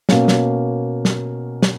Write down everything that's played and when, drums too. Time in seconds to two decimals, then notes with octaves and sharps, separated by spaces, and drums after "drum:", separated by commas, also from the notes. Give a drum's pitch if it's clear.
0.09 B2 A#3 C#4, drum: snare
0.28 drum: snare
1.05 drum: snare
1.62 drum: snare